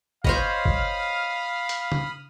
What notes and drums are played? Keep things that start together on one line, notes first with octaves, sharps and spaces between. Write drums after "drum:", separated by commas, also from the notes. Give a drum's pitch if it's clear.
C5 C#5 D#5 F5 B5 D#6 F6, drum: kick G1
drum: kick G1
drum: hi-hat
drum: tom C#3